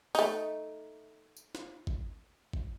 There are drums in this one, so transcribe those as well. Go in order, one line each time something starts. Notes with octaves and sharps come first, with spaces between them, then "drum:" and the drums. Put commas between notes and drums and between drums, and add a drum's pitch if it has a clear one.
A3 D#4, drum: open hi-hat
drum: tambourine
drum: snare
drum: kick
drum: kick